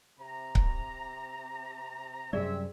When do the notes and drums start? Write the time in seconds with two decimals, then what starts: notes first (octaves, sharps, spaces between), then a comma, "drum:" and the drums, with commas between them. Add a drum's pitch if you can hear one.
0.20 C3 A#5
0.55 drum: kick C#1
2.33 F#2 C3 G3 C4 G#4 D5 E5